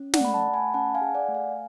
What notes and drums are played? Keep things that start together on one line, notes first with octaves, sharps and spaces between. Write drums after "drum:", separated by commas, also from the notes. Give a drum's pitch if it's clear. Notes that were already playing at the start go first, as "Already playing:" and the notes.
Already playing: C#4
D5 F#5, drum: snare
A3 B5
F#5 A5
A3
G#5 B5
C#4 F#5 A5
F5 G#5
G#4
D5 F#5
A3
F5 G#5